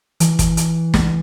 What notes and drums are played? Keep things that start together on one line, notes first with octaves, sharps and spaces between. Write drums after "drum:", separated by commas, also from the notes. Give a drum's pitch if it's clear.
E3, drum: hi-hat
drum: kick, hi-hat
drum: hi-hat
drum: snare